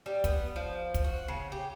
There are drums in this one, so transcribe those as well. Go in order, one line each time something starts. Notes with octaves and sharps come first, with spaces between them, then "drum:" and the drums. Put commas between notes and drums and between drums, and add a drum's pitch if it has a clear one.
G3
B3, drum: kick, hi-hat
F3
drum: kick, hi-hat
F#4
C#3
G4